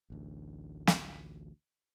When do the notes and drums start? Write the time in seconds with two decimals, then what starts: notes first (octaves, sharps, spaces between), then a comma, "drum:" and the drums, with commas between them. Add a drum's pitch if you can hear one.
0.10 A1 D2
0.87 drum: snare